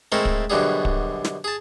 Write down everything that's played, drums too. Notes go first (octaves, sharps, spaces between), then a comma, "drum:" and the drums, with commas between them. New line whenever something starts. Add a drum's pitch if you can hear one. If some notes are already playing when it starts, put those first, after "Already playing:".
G#3 A3 C4 E4 A4 A#4
drum: kick
F#2 B2 D3 G3 G#4
drum: kick
drum: snare
G#4 A5